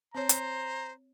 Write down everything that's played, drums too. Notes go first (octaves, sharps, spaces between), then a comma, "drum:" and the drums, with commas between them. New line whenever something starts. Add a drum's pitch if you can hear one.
C4 C5 C#5 A#5
drum: hi-hat